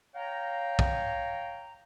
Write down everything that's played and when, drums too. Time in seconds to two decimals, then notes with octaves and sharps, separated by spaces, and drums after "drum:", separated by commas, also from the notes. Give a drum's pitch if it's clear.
0.15 C#5 F5 G5 A#5
0.79 drum: kick